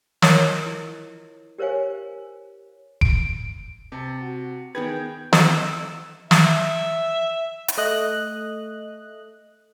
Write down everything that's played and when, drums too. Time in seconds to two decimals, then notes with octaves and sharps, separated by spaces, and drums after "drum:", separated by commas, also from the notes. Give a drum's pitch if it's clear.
0.22 F4 A#4 C#5 D#5, drum: snare
0.66 E4
1.58 G4 A#4 C5 C#5 F5 G#5
3.01 D7, drum: kick F1
3.92 C3 A5
4.21 F#4
4.75 D#3 B3 G#4 B4 G5 G#6
5.33 E6, drum: snare
6.31 E5, drum: snare
7.68 drum: hi-hat
7.77 A3 D#5 F#6